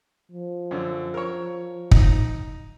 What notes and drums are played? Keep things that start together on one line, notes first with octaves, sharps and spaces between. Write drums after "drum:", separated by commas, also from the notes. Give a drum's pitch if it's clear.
F3
F#2 D3
A#4 C#5
D#4, drum: kick